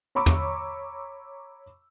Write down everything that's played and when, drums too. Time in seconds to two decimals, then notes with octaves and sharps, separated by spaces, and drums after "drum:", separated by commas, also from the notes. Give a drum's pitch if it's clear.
0.15 C#5 A#5 B5 C#6 D6 E6
0.26 drum: tom